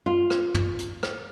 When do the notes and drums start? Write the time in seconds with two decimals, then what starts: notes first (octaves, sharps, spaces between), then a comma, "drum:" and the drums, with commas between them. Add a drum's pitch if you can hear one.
0.06 F4
0.30 drum: rim click
0.55 drum: tom
0.79 drum: hi-hat
1.03 drum: rim click